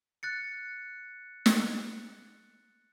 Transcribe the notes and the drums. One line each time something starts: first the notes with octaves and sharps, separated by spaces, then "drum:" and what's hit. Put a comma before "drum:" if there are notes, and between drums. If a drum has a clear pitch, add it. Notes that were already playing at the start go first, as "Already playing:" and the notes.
F#6 A6 C#7
drum: snare